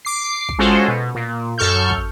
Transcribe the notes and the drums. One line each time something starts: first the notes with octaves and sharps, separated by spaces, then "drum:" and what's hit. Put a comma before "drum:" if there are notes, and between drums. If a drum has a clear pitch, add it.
D6 C7
drum: kick
G#3 C#4 F4 F#4 A4 C5
B2
A#2
F#2 A4 C#6 F6 G6
drum: kick